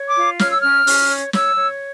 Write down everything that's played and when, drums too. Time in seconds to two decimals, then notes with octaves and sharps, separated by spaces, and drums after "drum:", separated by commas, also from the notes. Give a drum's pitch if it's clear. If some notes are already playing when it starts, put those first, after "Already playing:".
Already playing: C#5
0.08 D6
0.16 F4
0.39 C#5 F6, drum: snare
0.50 E6
0.61 C#4 F6
0.87 C#4, drum: open hi-hat
1.10 C#5
1.33 C#5 E6, drum: snare
1.57 C#5